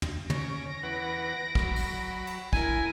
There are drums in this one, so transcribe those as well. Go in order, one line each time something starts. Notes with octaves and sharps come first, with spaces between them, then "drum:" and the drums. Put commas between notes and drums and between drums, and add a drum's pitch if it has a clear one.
drum: tom
C#4 A#6 D7, drum: tom
E2 B4 F#5
F#3 B5, drum: kick
drum: open hi-hat
drum: cymbal
E4 A#4 G#5, drum: kick